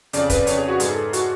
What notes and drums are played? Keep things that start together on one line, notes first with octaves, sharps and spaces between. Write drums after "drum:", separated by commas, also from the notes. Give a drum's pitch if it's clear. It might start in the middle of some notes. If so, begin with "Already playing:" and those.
F2 C#3 D5, drum: hi-hat
B4, drum: kick, hi-hat
F2 C#3 C#5, drum: hi-hat
G#4
F#4
G#2 G#4, drum: hi-hat
A4
F#4, drum: hi-hat